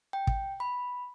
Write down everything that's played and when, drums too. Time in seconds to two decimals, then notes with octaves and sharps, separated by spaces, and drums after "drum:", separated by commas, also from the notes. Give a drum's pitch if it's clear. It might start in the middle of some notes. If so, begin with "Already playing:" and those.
0.13 G5
0.27 drum: kick
0.60 B5